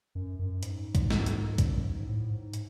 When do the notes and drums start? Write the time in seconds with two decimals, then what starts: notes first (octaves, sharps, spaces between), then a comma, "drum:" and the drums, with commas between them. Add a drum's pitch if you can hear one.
0.15 F#2
0.39 F#2
0.63 G#2, drum: hi-hat
0.95 drum: kick, hi-hat
1.11 drum: snare
1.26 drum: hi-hat
1.58 F#2, drum: kick, hi-hat
1.82 G#2
2.06 A2
2.30 G#2
2.53 drum: hi-hat